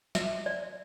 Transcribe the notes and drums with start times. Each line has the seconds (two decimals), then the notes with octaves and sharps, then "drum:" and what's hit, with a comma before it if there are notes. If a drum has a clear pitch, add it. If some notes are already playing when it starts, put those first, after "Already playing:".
0.15 E5, drum: snare
0.46 D5